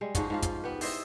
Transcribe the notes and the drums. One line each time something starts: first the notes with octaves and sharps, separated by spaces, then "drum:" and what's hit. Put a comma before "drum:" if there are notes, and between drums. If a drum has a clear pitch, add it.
G3 G#3
G#2 F3 C#4 F#4, drum: kick, hi-hat
G#2 F3 F4
drum: kick, hi-hat
B3 G4 B4
E4 C5 D#5 E5, drum: open hi-hat